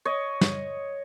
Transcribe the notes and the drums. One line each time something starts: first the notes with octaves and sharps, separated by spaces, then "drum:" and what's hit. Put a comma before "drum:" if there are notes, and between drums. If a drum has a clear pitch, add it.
C#5 D#5
drum: snare